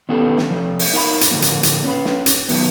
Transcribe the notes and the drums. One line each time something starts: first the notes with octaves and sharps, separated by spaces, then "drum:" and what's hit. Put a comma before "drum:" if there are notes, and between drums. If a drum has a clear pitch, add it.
D#3 B3 C#4 G4 A4 B4
drum: snare
F3 A3
drum: open hi-hat
D#4 A#4 F5 F#5 A#5 B5
drum: hi-hat
A2 D3 F3 A#3
drum: hi-hat
drum: hi-hat
C#4 B4
drum: snare
drum: hi-hat
D#3 F#3 B3, drum: open hi-hat